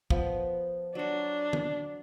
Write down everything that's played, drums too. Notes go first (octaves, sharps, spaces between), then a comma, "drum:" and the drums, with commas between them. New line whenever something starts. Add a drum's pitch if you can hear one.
F3 B3, drum: kick
F#3 D4 F#4
drum: tom